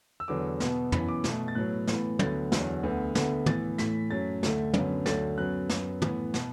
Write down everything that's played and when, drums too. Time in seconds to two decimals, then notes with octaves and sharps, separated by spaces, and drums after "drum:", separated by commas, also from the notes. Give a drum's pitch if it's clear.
0.20 E6
0.28 E2 D3 F#3 B3 D6
0.60 B2 B3, drum: snare
0.92 F#2 E3 B3 B5, drum: tom
1.09 D6
1.24 B2 A3, drum: snare
1.48 A6
1.55 A2 F#3 B3 F#6
1.87 A2 E3 B3, drum: snare
2.19 D2 D3 F#3 B3 A6, drum: tom
2.52 E2 D3 F#3, drum: snare
2.83 D2 D3 B3
3.15 D2 D3 B3, drum: snare
3.46 A2 E3 B3 A6, drum: tom
3.78 A2 E3 A3 B6, drum: snare
4.10 F#2 F#3 A3 A6
4.43 D2 D3 A3, drum: snare
4.74 F#2 D3 F#3 B3, drum: tom
5.06 D2 D3 F#3 A6, drum: snare
5.37 F#2 F#3 B3 F#6
5.69 F#2 F#3 B3, drum: snare
6.02 A2 E3 B3, drum: tom
6.34 B2 B3, drum: snare